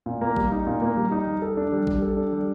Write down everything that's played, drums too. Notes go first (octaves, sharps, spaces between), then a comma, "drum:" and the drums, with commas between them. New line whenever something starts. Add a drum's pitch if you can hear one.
A#2
A#3
G3, drum: kick A1
D#4
A#2
A#3
G3
D#4
G3
A4
D4
G3
G3, drum: kick A1
A4
D4
G3